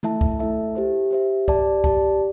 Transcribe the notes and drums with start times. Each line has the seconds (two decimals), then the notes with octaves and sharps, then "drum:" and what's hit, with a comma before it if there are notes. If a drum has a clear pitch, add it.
0.03 A3 E4 A4 E5 A5, drum: tom
0.21 drum: kick C2
0.39 A3 E4 A4 E5 A5
0.75 G4 C5 E5
1.11 G4 C5 E5
1.48 G4 D5 A5, drum: kick C2
1.84 G4 D5 A5, drum: kick C2